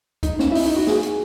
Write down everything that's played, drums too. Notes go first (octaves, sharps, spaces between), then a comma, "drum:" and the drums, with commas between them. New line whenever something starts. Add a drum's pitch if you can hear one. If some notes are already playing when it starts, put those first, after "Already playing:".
D#4, drum: kick, hi-hat
C#4, drum: snare
E4
D#4, drum: open hi-hat
D#4
F#4
G#4, drum: snare
drum: hi-hat